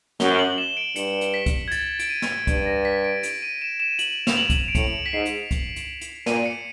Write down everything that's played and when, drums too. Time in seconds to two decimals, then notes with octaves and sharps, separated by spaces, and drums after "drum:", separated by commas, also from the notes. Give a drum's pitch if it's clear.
0.20 F#2 G7, drum: snare
0.39 F#7
0.58 E7
0.77 D7
0.96 G2 C#7, drum: hi-hat
1.21 drum: hi-hat
1.34 B6
1.46 drum: kick C#2, hi-hat
1.68 G#6
1.71 A6, drum: hi-hat
1.99 D7, drum: hi-hat
2.10 D#7
2.22 drum: snare
2.47 G2, drum: kick C#2, hi-hat
2.66 A#6
2.85 B6
3.04 D7
3.23 D7, drum: hi-hat
3.42 D#7
3.62 E7
3.80 E7
3.99 F#7, drum: hi-hat
4.27 F7, drum: snare
4.37 F#7
4.50 drum: kick C#2, hi-hat
4.68 D7
4.75 A2 C#7, drum: kick C#2, hi-hat
5.06 B6
5.13 G#2 C7
5.26 drum: hi-hat
5.51 drum: kick C#2, hi-hat
5.76 drum: hi-hat
6.01 drum: hi-hat
6.26 A#2 D#7, drum: snare
6.46 C#7